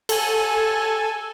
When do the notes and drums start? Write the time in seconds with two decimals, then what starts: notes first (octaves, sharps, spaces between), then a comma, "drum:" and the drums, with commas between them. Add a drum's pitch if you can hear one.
0.09 A4 G#5, drum: cymbal